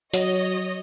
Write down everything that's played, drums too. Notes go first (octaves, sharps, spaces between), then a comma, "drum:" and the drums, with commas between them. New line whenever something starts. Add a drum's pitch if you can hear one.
F#3 C#5 D#5, drum: hi-hat